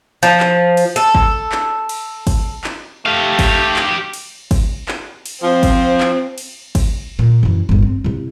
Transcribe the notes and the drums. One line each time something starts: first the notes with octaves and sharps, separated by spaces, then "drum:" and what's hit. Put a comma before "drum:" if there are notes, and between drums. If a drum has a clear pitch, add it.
F3
drum: clap
drum: cymbal
A4
drum: kick
drum: clap
drum: cymbal
drum: kick, cymbal
drum: clap
A3 G4 F5
drum: kick, cymbal
drum: clap
drum: cymbal
drum: kick, cymbal
drum: clap
drum: cymbal
F3 C4
drum: kick, cymbal
drum: clap
drum: cymbal
drum: kick, cymbal
A#2
F#2 E3
G1 G#2
C4
C3 E4